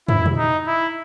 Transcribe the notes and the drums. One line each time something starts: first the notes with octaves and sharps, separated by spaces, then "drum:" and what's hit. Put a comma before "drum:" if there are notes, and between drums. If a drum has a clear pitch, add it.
E4, drum: tom
drum: tom A#2
D#4
E4